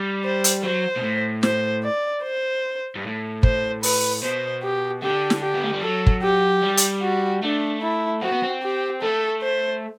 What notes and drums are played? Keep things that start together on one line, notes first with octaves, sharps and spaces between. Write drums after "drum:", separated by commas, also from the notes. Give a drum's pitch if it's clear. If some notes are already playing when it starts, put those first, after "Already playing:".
Already playing: G3
C5
drum: hi-hat
F#3 C5
B2
A2
C5, drum: snare
D5
C5
G2
A2
C5, drum: kick
B4, drum: open hi-hat
B2 C5
G4
D3 G4
drum: snare
G4
B3
A3
G3
F#3 A4
drum: kick
G4
G3
drum: hi-hat
F#4
A3 D4
E4
C4 F#4
B3
C4
G4
A3 A4
C5